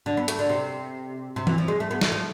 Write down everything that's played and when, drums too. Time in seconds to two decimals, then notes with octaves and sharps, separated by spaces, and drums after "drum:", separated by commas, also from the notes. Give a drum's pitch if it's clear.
0.06 D3
0.17 B3
0.28 A3, drum: hi-hat
0.39 D3
0.50 C3
1.36 C3
1.47 E3, drum: tom E3
1.58 F3
1.68 G#3
1.80 A3
1.91 B3
2.01 A3, drum: snare
2.12 F3